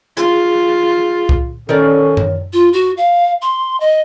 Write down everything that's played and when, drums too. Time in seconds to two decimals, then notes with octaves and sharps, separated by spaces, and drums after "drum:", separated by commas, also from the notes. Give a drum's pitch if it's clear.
0.17 F4 G#4, drum: hi-hat
1.29 drum: kick C2
1.69 D#3 C#4 A4 A#4 C#5 D5
2.17 drum: tom F#2
2.53 F4
2.73 F#4
2.97 F5
3.42 C6
3.80 D#5